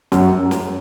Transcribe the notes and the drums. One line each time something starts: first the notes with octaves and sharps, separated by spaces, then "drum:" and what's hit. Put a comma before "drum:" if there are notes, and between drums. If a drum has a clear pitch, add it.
F#2, drum: snare
drum: snare